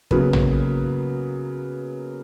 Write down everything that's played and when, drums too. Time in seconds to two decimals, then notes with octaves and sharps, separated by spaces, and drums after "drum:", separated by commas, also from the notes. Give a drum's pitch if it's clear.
0.11 C#3 F#3 A#3 B3 B4, drum: kick
0.33 drum: tom